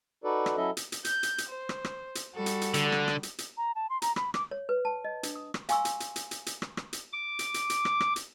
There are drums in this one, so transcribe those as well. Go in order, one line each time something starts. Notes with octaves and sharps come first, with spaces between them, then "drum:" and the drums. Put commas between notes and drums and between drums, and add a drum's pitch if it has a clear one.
D#4 F#4 A4 B4 D5
drum: rim click
F#3 C#4 E4 A4 D#5 E5
drum: hi-hat
drum: hi-hat
G6, drum: hi-hat
drum: hi-hat
drum: hi-hat
C5
drum: rim click
drum: rim click
drum: hi-hat
G3 F#4 A4
drum: hi-hat
drum: hi-hat
D3, drum: hi-hat
drum: rim click
drum: rim click
drum: hi-hat
drum: hi-hat
A#5
A5
C6
A#5, drum: hi-hat
B5, drum: rim click
D6, drum: rim click
C#5
B4
A5
D#5
D4, drum: hi-hat
D#6
drum: rim click
F5 G#5 C6 C#6 E6, drum: hi-hat
drum: hi-hat
drum: hi-hat
drum: hi-hat
drum: hi-hat
drum: hi-hat
drum: rim click
drum: rim click
drum: hi-hat
D6
drum: hi-hat
drum: hi-hat
drum: hi-hat
drum: rim click
drum: rim click
drum: hi-hat